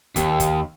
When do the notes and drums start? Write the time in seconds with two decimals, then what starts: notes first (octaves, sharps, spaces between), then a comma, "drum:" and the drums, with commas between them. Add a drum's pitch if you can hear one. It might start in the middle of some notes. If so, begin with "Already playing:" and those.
0.16 D#2, drum: kick, hi-hat
0.40 drum: kick, hi-hat